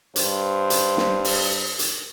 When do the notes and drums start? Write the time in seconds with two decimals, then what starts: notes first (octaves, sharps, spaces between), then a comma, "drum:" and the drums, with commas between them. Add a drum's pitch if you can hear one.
0.16 G2 C5, drum: hi-hat
0.70 drum: hi-hat
0.97 drum: snare
1.25 drum: open hi-hat
1.79 drum: hi-hat